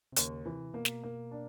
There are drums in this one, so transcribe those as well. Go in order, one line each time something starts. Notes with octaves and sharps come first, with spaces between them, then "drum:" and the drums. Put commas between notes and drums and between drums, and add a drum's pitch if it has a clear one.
C3
D#2 C#3, drum: hi-hat
C3 E3
B2 A#3
drum: snare
A#3
D4